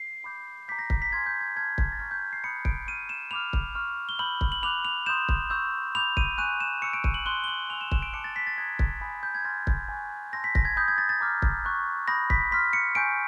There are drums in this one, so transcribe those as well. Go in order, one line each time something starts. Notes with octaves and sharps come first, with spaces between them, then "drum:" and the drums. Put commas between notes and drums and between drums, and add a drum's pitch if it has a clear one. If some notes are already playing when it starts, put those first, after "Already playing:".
Already playing: C7
B5 D6 G6
A#5 D6 G6 B6
A#6
B6, drum: kick
B6
G#5 C6 F6 G#6
G6
G#6
A5 C6 F6 G#6
drum: kick
A6
A#5 C#6 F6 G#6
G6
C7
B5 D#6 F#6 C#7
D7, drum: kick
C#6 F6 D#7
E7
B5 D6 F6 F7
drum: kick
C#6 F6
G7
B5 E6 G6 F#7
drum: kick
F#7
B5 D6 F#6 F7
F7
C6 D#6 G6 E7
drum: kick
C#6 E6 G6
B5 D6 G6 F7
D#7, drum: kick
G#5 C#6 F#6 D#7
E7
C#6 E6 G6 C#7
D7
D#7, drum: kick
F#7
C6 D#6 F#6 G7
G7
F#7
G#5 C#6 E6 F7
E7
E7, drum: kick
D7
A5 D6 F#6 C#7
A6
B6
A6
A#5 D#6 F#6 G#6
drum: kick
G#5 B5 D#6 G6
G6
G#6
G#5 C6 F6 A6
drum: kick
G#5 C#6 F#6
A5 C6 E6 G6 A#6
B6
A#6, drum: kick
G#6
B5 D#6 G6
G#6
A6
A6
A#5 D6 F6
drum: kick
C#6 F#6
B5 D#6 G6 A#6
B6, drum: kick
C6 F6 B6
C#7
G#5 C#6 E6 G6 D7